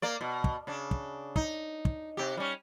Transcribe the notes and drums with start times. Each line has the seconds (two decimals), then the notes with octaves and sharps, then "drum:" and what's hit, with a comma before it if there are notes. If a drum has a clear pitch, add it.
0.02 A#3 D5
0.21 B2
0.44 drum: kick
0.67 C#3 D4
0.91 drum: kick
1.36 D#4, drum: kick
1.85 drum: kick
2.17 C3 G4
2.37 G3 C#4